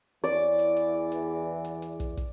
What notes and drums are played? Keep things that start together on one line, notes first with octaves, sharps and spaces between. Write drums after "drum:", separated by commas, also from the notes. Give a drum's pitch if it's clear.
E2 E3 D5, drum: hi-hat
drum: hi-hat
drum: hi-hat
drum: hi-hat
drum: hi-hat
drum: hi-hat
drum: kick, hi-hat
drum: kick, hi-hat